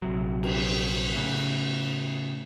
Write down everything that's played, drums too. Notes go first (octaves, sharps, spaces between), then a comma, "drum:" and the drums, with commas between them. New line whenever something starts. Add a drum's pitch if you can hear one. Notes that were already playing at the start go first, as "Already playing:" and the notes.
A#1 C3 F#3
drum: cymbal
A2 C#3